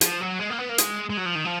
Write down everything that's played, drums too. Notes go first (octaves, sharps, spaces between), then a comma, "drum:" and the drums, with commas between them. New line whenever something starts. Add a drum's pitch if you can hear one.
F3, drum: hi-hat
F#3
G#3
A#3
B3
A#3
G#3, drum: hi-hat
G#3
F#3
F3
D#3
F3